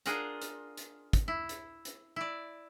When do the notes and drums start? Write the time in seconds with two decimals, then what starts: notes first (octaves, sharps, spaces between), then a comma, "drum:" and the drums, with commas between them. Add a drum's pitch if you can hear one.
0.06 D4 F4 G#4 A#4 F#5 A#5, drum: hi-hat
0.42 drum: hi-hat
0.77 drum: hi-hat
1.13 drum: kick, hi-hat
1.28 E4
1.49 drum: hi-hat
1.85 drum: hi-hat
2.16 E4 D5